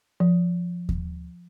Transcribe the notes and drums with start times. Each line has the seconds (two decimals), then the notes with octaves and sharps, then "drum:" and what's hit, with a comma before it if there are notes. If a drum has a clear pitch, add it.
0.20 F3
0.89 drum: kick D#2